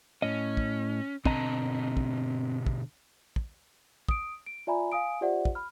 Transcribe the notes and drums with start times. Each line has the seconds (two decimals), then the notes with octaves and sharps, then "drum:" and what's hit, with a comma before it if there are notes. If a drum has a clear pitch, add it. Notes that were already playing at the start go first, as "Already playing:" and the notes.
0.22 A2 C#4 D#5
0.57 drum: kick
1.25 B2 D3 C4 D#5 A5 A#5, drum: kick
1.97 drum: kick
2.66 drum: kick
3.36 drum: kick
4.08 D#6 D7, drum: kick
4.46 D7
4.67 F4 D5 E5 G#5 A#5 B5
4.92 F5 G#5 D#6 D7
5.21 F4 G4 C5 D5 E5 F#5
5.45 drum: kick
5.55 B5 F6